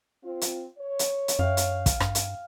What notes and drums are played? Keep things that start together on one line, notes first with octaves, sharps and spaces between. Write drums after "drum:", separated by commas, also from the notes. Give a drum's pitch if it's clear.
C4 F4
drum: hi-hat
C#5
drum: hi-hat
drum: hi-hat
F#2 F5 G5
drum: hi-hat
drum: kick, hi-hat
G2, drum: rim click
drum: hi-hat